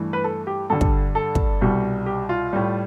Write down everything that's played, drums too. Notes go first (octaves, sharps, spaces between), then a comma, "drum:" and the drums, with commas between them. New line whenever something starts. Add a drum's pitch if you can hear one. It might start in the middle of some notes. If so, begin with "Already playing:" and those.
Already playing: G2 E3 A3
B4
A4
G4
G2 D3 G3 A4
drum: kick
A4
drum: kick
C2 B2 G3
G4
F4
A2 G3